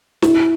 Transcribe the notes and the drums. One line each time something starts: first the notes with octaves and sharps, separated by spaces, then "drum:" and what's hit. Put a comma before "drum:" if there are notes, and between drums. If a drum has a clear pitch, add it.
E4, drum: snare